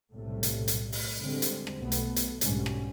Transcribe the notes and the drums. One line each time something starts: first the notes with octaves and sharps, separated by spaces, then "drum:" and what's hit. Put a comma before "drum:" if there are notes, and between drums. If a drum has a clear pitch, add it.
B1 A2 C3 G3 A3
drum: hi-hat
drum: hi-hat
drum: open hi-hat
D3 G3 G#3 C4
drum: hi-hat
drum: rim click
B1 A3 B3
drum: hi-hat
drum: hi-hat
B1 G#2 B2 D3 G3 C#4, drum: hi-hat
drum: rim click